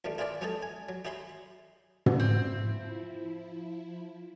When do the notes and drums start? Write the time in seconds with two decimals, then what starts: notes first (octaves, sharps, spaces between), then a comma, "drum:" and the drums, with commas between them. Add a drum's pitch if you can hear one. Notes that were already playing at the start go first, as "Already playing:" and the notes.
0.05 C#2 D#3 G3 A3
0.18 E4 F4 G#4 B4 D5 E5
0.41 F#3 G#3 C#4 D#4 G#4 A4
0.63 G#5
0.89 F#3
1.05 D#4 F#4 G#4 E5 B5 C6
2.06 drum: tom
2.20 F3 C4 E4